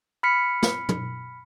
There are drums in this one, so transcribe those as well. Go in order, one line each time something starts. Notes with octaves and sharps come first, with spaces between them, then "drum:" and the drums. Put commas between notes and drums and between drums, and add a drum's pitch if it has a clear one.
B5 F6 B6 C#7
drum: snare
drum: tom